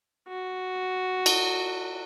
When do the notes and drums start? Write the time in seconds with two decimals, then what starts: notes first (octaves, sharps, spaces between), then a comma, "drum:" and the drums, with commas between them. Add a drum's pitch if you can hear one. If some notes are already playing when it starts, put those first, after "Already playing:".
0.29 F#4
1.26 drum: cymbal